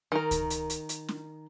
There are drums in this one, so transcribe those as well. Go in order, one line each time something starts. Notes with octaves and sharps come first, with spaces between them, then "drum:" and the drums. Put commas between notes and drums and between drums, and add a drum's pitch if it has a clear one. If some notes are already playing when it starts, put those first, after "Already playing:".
D#3 A#4
drum: kick C#2, hi-hat
drum: hi-hat
drum: hi-hat
drum: hi-hat
drum: snare